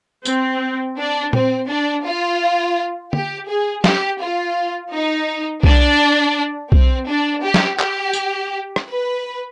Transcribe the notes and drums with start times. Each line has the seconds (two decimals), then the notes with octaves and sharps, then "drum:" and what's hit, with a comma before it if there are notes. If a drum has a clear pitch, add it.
0.25 C4, drum: tambourine
0.97 D4
1.33 C4, drum: tom A#2
1.69 D4
2.04 F4
3.13 G4, drum: tom
3.48 G#4
3.84 G4, drum: snare
4.21 F4
4.93 D#4
5.63 D4, drum: kick B1
6.72 C4, drum: kick B1
7.07 D4
7.43 G4
7.54 drum: snare
7.79 G4, drum: clap
8.13 drum: tambourine
8.76 drum: rim click
8.87 B4